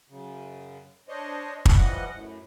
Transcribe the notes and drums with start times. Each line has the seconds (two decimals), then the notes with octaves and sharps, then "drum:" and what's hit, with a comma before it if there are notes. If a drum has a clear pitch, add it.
0.10 F#2 C#3
1.09 D4 C5 C#5 D#5
1.66 drum: kick
1.77 E3 F3 G3 D#5 F#5
2.13 F#2 A2